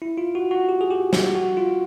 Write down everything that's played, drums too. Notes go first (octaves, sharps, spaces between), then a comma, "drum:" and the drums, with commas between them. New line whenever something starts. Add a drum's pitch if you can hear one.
E4
F4
F#4
F#4
G4
G#4
G4
G4, drum: snare
F#4
F4